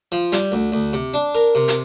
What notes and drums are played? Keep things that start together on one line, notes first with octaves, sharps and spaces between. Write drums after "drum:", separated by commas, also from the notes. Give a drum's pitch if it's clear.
F3
G3, drum: hi-hat
D2
D2
C3
D4
A#4
C3
drum: hi-hat